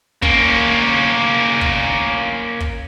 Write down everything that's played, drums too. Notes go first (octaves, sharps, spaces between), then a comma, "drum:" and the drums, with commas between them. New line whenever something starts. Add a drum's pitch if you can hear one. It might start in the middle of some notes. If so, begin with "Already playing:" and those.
A#3 C#4, drum: kick
drum: kick
drum: kick